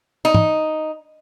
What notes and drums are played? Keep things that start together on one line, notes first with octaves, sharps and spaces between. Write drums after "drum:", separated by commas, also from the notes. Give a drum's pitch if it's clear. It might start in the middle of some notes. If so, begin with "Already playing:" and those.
D#4
drum: tom